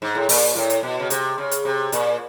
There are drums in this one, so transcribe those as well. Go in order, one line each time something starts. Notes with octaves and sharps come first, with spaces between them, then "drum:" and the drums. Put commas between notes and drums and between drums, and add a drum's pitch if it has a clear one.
G#2
A2
A#2, drum: open hi-hat
A2
drum: hi-hat
B2
C#3
C3, drum: hi-hat
C#3
drum: hi-hat
C3
A#2, drum: hi-hat